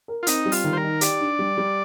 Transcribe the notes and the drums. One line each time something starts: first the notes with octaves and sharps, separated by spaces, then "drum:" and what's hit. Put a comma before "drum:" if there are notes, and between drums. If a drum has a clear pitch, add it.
A#4
F4
C4 D#4, drum: hi-hat
G3
F4, drum: open hi-hat
D#3
C5
A#4
D#4
G4 D5, drum: hi-hat
D4
G3
G3